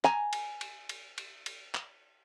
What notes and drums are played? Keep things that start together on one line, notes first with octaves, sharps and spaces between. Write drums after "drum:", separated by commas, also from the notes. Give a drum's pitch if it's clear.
G#5 A#5, drum: clap
drum: cymbal
drum: cymbal
drum: cymbal
drum: cymbal
drum: cymbal
drum: clap